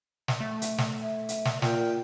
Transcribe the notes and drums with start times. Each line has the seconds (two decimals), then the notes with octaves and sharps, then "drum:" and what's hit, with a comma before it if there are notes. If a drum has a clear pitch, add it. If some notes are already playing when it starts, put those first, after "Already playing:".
0.28 drum: snare
0.40 A3
0.62 drum: hi-hat
0.78 drum: snare
1.00 E5
1.29 drum: hi-hat
1.45 drum: snare
1.62 A#2 A#4 G5, drum: snare